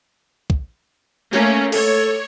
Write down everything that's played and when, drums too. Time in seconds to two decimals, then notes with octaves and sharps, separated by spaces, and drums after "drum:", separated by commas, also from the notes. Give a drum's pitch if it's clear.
0.50 drum: kick C#2
1.33 A3 A#3 C#4, drum: tambourine
1.72 A4 C#5, drum: cymbal